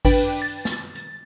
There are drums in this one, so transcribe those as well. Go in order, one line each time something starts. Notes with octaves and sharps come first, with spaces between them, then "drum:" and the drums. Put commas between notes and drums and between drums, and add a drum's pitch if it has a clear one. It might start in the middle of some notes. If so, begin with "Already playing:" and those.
D4 B4 G5, drum: kick G#1, open hi-hat
A6
drum: snare
drum: hi-hat